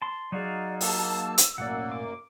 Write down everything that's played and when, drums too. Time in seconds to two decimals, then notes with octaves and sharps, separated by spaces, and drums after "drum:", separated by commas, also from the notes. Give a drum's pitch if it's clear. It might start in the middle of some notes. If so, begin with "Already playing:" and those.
0.02 A5 C6
0.32 F#3 D#4 F#4 G#4 D5 F5
0.81 A#3 A5 E6, drum: open hi-hat
1.38 drum: hi-hat
1.58 B1 F#2 A2 A#3 D5 F#5
1.92 D6